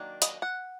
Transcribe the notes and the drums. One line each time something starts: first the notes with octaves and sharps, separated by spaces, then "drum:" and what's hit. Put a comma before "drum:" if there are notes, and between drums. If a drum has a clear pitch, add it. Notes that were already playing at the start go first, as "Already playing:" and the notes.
Already playing: D#3 F#3 A#3 D4
D#5, drum: hi-hat
F#5